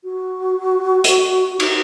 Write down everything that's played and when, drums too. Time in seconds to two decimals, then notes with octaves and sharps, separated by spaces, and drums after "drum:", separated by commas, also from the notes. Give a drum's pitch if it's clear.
0.04 F#4
1.04 drum: hi-hat
1.60 D#4, drum: cymbal